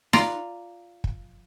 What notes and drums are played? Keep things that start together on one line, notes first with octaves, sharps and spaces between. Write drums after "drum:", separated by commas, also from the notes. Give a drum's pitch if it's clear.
F4 D5 A#5, drum: snare D#4
drum: kick